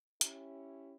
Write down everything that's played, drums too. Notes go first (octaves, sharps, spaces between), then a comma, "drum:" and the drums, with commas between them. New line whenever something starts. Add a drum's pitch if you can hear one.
C#4 E4 G4, drum: hi-hat